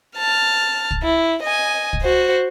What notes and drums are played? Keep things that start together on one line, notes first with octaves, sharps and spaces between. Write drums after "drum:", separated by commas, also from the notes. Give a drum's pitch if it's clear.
A5 F6
drum: kick
E4
D#5 G#5
drum: kick
F#4 C5